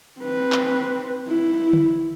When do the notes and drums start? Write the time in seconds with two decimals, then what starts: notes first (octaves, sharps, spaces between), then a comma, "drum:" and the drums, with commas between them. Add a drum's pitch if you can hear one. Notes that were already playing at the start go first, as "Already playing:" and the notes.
0.21 C4 B4
0.52 drum: clap
1.28 E4
1.73 drum: tom D3